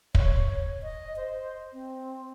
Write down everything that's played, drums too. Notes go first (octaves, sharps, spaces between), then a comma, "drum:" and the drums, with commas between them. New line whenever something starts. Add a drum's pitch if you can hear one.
C#5, drum: kick
D#5
C5
C4